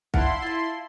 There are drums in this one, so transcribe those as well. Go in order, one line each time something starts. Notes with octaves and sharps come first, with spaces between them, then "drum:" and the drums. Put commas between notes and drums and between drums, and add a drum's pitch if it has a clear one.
D4 E4 F5 F#5 C6, drum: kick
F4 A5